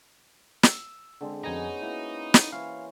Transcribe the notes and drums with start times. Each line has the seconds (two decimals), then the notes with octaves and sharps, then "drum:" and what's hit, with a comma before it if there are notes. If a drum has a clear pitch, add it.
0.63 E6, drum: snare
1.21 D3 G#3 C4
1.44 F2 B3 C#4 D#4 F#4 G#5 A#5
1.83 A#3 E4 F#4 B4
2.34 drum: snare
2.53 E3 C5 C#5 F5